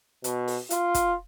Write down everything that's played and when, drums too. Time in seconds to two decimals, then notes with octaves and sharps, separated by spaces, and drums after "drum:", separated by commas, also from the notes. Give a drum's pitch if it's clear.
0.24 B2, drum: hi-hat
0.48 drum: open hi-hat
0.70 F4, drum: hi-hat
0.94 drum: kick, hi-hat